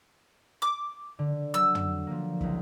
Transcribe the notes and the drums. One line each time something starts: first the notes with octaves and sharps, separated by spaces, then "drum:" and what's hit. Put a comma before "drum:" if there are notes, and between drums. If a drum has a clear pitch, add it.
D6
D3
F#3 E6
drum: tom
F3 A#3
C#2 E4, drum: kick